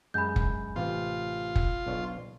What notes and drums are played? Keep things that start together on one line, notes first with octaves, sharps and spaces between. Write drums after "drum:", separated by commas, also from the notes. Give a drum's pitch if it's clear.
F#2 G#3 G#5 B5 G6
drum: kick
A1 C3 F4
drum: kick
B1 D4 C#5